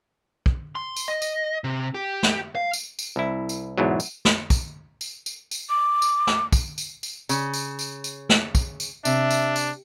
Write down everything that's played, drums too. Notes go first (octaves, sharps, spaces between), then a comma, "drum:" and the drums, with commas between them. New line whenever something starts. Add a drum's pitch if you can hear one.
drum: kick
C6
drum: tambourine
D#5
drum: tambourine
C3
G4
drum: snare
F5
drum: tambourine
drum: tambourine
C2 E4
drum: tambourine
E2 G#2 B2 F#3
drum: tambourine
drum: snare
drum: kick, tambourine
drum: tambourine
drum: tambourine
drum: tambourine
D6
drum: tambourine
drum: snare
drum: kick, tambourine
drum: tambourine
drum: tambourine
C#3, drum: tambourine
drum: tambourine
drum: tambourine
drum: tambourine
drum: snare
drum: kick, tambourine
drum: tambourine
C3 D4 E5, drum: tambourine
drum: tambourine
drum: tambourine